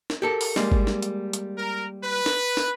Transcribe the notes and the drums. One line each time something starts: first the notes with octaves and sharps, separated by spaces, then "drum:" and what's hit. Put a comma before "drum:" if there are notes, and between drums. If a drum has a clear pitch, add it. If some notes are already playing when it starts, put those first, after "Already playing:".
drum: snare
G4 A4 A#4
drum: open hi-hat
G3 G#3 A#3, drum: snare
drum: kick G#1
drum: snare
drum: hi-hat
drum: hi-hat
A#4
B4
drum: snare
drum: snare